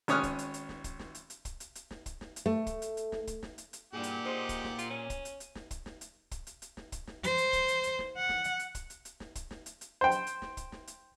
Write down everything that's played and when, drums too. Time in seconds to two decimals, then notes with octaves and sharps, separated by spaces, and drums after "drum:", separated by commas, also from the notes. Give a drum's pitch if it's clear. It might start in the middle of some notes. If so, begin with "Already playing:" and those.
0.08 G#1 C#4 C#5 D#6 F6 F#6, drum: hi-hat
0.23 drum: kick, hi-hat
0.39 drum: hi-hat
0.54 drum: hi-hat
0.69 drum: snare
0.84 drum: kick, hi-hat
0.99 drum: snare
1.15 drum: hi-hat
1.30 drum: hi-hat
1.45 drum: kick, hi-hat
1.60 drum: hi-hat
1.75 drum: hi-hat
1.91 drum: snare
2.06 drum: kick, hi-hat
2.21 drum: snare
2.36 drum: hi-hat
2.46 A3
2.67 drum: kick, hi-hat
2.82 drum: hi-hat
2.97 drum: hi-hat
3.12 drum: snare
3.27 drum: kick, hi-hat
3.43 drum: snare
3.58 drum: hi-hat
3.73 drum: hi-hat
3.93 G2 A#2 E4 G4 G#4 F#5
4.03 drum: hi-hat
4.25 D#4 G#4 C5
4.49 drum: kick, hi-hat
4.64 drum: snare
4.79 F4, drum: hi-hat
4.90 C#4
5.10 drum: kick, hi-hat
5.25 drum: hi-hat
5.40 drum: hi-hat
5.55 drum: snare
5.71 drum: kick, hi-hat
5.86 drum: snare
6.01 drum: hi-hat
6.31 drum: kick, hi-hat
6.47 drum: hi-hat
6.62 drum: hi-hat
6.77 drum: snare
6.92 drum: kick, hi-hat
7.07 drum: snare
7.24 C5, drum: hi-hat
7.38 drum: hi-hat
7.53 drum: kick, hi-hat
7.68 drum: hi-hat
7.83 drum: hi-hat
7.99 drum: snare
8.17 F#5
8.29 drum: snare
8.44 drum: hi-hat
8.59 drum: hi-hat
8.75 drum: kick, hi-hat
8.90 drum: hi-hat
9.05 drum: hi-hat
9.20 drum: snare
9.35 drum: kick, hi-hat
9.51 drum: snare
9.66 drum: hi-hat
9.81 drum: hi-hat
10.01 C5 G5
10.11 drum: hi-hat
10.27 drum: hi-hat
10.42 drum: snare
10.57 drum: kick, hi-hat
10.72 drum: snare
10.87 drum: hi-hat